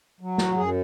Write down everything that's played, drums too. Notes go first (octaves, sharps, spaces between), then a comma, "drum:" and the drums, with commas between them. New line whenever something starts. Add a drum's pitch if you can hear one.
F#3
F#4, drum: snare
F#2 G#4